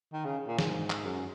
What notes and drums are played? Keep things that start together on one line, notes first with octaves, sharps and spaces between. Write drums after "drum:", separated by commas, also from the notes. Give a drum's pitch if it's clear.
D#3
C#3
A#2
G#2, drum: snare
drum: clap
F#2